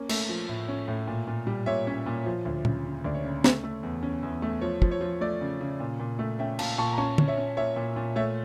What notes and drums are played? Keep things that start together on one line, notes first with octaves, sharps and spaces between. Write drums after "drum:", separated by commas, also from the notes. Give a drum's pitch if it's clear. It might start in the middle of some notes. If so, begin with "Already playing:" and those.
Already playing: A#3 C#4
A3, drum: cymbal
F3
A2
C#4
A2
A#2
A#2
G3
A#2 C#5 E5
C#4
A#2
F3
D2
C#3, drum: tom
C#3
D2 D5
C#5
C#3
A3, drum: snare
A3
E2
C#4
E2
A3
F3 C#5
F3, drum: kick
C#5
F3
A3 D5
C#3
C#3
A#2
A#2
A3
C#4 E5 G5
A#2 F5 A5, drum: cymbal
A#2 A5 C#6
A#5
C#4 A5 C#6
C#4, drum: tom
C#5 E5
C#4
A#2 C#5 E5
A#2
A#2
A3 C#5 E5